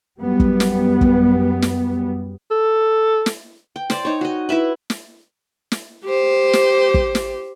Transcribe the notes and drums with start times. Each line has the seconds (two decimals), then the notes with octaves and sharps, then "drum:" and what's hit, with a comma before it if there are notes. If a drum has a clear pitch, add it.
0.20 F#2 G3 B3
0.40 drum: kick
0.60 drum: snare
1.01 drum: kick
1.62 drum: snare
2.51 A4
3.26 drum: snare
3.76 G5
3.90 C5 D5, drum: snare
4.05 D#4 C#5
4.21 F#4 D#5
4.49 E4 B4 E5 B5
4.90 drum: snare
5.72 drum: snare
6.05 G4 C5
6.53 drum: snare
6.94 drum: kick
7.15 drum: snare